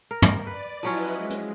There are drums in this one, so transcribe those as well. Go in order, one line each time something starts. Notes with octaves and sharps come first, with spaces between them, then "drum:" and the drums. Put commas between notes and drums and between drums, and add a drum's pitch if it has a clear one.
A#4
drum: tom
B4 D5
F3 F#3 C#4 E4 B4 D#5
G#3
drum: hi-hat